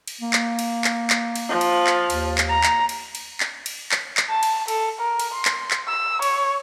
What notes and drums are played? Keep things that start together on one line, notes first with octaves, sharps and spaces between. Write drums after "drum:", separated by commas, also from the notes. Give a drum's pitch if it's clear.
drum: cymbal
A#3
drum: clap
drum: cymbal
drum: clap
drum: clap
drum: cymbal
F3
drum: cymbal
drum: clap
D#2, drum: cymbal
drum: clap
A#5
drum: clap
drum: cymbal
drum: cymbal
drum: clap
drum: cymbal
drum: clap
drum: clap
A5
drum: cymbal
A4, drum: cymbal
A#4
drum: cymbal
C6
drum: clap
drum: clap
E6
C#5, drum: cymbal